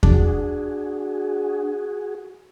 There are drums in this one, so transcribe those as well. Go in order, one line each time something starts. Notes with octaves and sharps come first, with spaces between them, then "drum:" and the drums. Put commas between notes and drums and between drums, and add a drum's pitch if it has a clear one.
D4 F#4 G#4, drum: kick E2